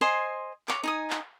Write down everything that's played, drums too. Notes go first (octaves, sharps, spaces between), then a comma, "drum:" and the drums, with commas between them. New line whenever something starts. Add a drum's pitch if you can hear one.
C5 D#5 G#5 C6
C#5 D6, drum: clap
D#4 G#5 D#6
drum: clap